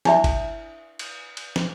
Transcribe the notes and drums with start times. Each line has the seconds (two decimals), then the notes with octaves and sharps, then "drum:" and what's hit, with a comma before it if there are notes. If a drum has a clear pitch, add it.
0.05 D4 E4 E5, drum: snare
0.24 drum: kick G1, cymbal
0.99 drum: cymbal
1.37 drum: cymbal
1.56 drum: snare